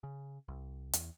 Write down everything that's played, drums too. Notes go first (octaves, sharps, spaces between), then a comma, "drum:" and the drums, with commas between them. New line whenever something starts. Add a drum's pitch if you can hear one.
C#3
C2
E2, drum: hi-hat